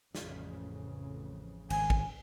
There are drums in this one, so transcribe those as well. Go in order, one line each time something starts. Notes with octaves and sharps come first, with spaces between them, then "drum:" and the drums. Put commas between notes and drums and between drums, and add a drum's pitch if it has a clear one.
A1 F2 C#3, drum: snare
G#1 G#5, drum: cymbal
drum: kick